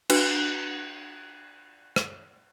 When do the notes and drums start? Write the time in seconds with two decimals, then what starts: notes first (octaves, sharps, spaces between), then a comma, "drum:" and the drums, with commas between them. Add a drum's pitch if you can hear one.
0.10 D4 F#4 B4, drum: cymbal
1.96 drum: rim click